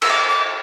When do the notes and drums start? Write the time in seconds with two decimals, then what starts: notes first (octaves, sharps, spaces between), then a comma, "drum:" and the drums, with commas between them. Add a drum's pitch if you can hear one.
0.02 E6, drum: cymbal
0.10 D6
0.29 D6